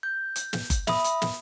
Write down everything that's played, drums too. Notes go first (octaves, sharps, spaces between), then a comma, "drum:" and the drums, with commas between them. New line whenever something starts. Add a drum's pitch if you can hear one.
G6
drum: hi-hat
drum: snare
drum: kick F#1, hi-hat
E5 B5 D#6, drum: snare
drum: hi-hat
drum: snare